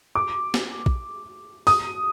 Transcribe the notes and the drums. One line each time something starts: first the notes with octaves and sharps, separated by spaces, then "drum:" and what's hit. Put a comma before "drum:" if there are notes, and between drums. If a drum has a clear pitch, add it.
D6
drum: snare
drum: kick A#1
D#6, drum: open hi-hat